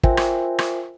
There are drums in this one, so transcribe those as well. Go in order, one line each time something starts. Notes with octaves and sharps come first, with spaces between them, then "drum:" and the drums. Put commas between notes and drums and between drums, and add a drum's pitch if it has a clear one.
F4 A#4 C5 E5 G5 G#5, drum: kick
drum: rim click
drum: rim click